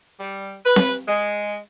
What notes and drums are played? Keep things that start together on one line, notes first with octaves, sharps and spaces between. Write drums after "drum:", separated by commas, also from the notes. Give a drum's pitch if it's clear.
G3
B4
drum: snare C4
G#3